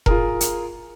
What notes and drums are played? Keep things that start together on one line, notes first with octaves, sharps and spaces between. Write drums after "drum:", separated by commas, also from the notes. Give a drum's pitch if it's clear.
F4 G#4 A#4, drum: kick F1
drum: hi-hat